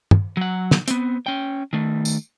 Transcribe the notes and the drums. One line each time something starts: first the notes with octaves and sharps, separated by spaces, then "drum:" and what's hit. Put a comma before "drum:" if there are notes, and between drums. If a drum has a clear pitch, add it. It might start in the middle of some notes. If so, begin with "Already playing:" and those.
drum: tom
F#3 F#5
drum: snare
B3 C4, drum: hi-hat
C#4 G5
D#3 A3
drum: tambourine